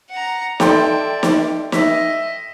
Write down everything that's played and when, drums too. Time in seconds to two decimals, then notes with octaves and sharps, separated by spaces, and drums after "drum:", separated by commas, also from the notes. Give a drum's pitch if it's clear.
0.10 F#5 A#5
0.60 A4 D5 E5 G5 C6, drum: snare
1.23 drum: snare
1.72 D#5 E5, drum: snare